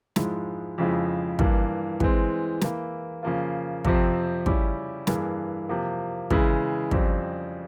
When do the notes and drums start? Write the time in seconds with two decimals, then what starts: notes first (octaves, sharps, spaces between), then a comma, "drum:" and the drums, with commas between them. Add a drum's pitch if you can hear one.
0.16 G#2 F3 G#3 E4, drum: snare
0.78 F2 C#3 F3 G#3 E4
1.39 G2 E3 A#3, drum: kick
2.00 E3 G#3 C4, drum: kick
2.61 E3 A#3 E4, drum: snare
3.23 C#3 F3 A#3 F4
3.85 F2 C3 F3 C4, drum: kick
4.46 C#3 G3 C#4 E4 G4, drum: kick
5.07 G2 E3 A#3 E4 G#4, drum: snare
5.69 C3 F3 A#3
6.31 C#3 E3 G#3 E4, drum: kick
6.91 F2 C#3 G3 C4, drum: kick